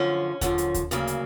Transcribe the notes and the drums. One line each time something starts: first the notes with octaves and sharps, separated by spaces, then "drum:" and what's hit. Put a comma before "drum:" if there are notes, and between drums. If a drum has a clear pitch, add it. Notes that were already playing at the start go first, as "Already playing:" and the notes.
Already playing: F#2 D3 F3 C#4
F#2 D3 F3, drum: kick D#2, hi-hat
drum: hi-hat
drum: kick D#2, hi-hat
D2 C#3 F#3 A#3, drum: hi-hat
drum: hi-hat